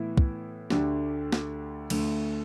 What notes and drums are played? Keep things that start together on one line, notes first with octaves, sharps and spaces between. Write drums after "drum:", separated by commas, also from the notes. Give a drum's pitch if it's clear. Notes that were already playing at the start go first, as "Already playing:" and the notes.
Already playing: A2 E3 B3 E4
drum: kick
D2 D3 A3 D4 G4, drum: snare
drum: snare
D2 D3 A3, drum: cymbal